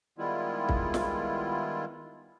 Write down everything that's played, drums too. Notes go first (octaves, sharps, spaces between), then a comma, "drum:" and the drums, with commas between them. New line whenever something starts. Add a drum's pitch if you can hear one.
D#3 G3 G#3 B3 E4 F4
drum: kick
drum: snare